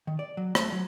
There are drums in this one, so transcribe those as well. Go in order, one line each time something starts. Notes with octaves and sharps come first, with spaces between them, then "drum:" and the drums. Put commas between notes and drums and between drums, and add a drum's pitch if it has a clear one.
D#3
D5
F#3
A3, drum: rim click
F#3